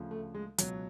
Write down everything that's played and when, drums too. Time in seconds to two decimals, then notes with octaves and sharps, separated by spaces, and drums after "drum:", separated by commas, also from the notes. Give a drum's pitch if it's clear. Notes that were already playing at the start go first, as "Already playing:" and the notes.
Already playing: D2 C#3 F3
0.11 A3
0.35 G#3
0.58 C#2 B2 F#3, drum: hi-hat